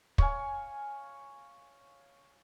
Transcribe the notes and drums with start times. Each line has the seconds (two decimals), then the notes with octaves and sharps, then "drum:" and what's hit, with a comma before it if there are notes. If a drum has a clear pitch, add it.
0.18 C#5 F5 G#5, drum: kick